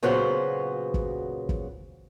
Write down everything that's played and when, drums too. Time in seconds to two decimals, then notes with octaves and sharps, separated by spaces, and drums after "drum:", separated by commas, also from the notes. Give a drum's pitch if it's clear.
0.03 A#2 C#3 F#3 B3 F#4 C5
0.94 drum: kick
1.49 drum: kick